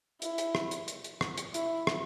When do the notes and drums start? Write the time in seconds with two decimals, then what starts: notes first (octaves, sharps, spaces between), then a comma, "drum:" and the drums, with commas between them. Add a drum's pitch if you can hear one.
0.22 E4, drum: hi-hat
0.38 drum: hi-hat
0.55 drum: rim click
0.71 drum: hi-hat
0.88 drum: hi-hat
1.04 drum: hi-hat
1.21 drum: rim click
1.38 drum: hi-hat
1.54 E4, drum: hi-hat
1.87 drum: rim click